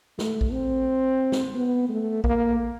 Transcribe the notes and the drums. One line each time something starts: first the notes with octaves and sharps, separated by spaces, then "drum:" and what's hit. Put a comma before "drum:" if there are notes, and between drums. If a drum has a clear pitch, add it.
A3, drum: snare
drum: kick A#1
C4
drum: snare
B3
A3
A#3, drum: kick A#1